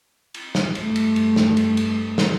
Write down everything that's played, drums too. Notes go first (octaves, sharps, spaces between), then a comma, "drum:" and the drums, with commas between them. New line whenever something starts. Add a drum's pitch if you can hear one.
drum: cymbal
drum: snare
G2 A3, drum: cymbal
drum: cymbal
drum: cymbal
drum: snare
drum: cymbal
drum: cymbal
drum: snare